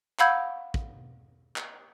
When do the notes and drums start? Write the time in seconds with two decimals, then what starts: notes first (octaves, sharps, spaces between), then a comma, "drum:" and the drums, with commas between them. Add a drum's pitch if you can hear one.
0.19 F5 F#5 B5 E6 G6 G#6, drum: clap
0.74 drum: kick
1.56 drum: clap